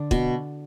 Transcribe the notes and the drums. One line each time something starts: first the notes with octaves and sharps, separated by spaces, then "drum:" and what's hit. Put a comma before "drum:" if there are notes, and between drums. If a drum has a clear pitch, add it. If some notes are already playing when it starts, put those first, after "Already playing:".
Already playing: D3 D4
B2, drum: kick